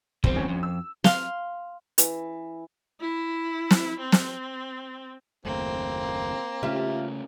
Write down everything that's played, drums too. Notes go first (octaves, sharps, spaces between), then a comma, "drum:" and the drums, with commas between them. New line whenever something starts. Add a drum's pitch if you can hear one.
E2 G3 C4 C5, drum: kick
D2 C#4
F2
E6
F5 C6, drum: snare
E3, drum: hi-hat
E4
drum: snare
C4
drum: snare
F#1 D#2 A3 A#3 C4
C#3 A3 C#4 F4 G4 E5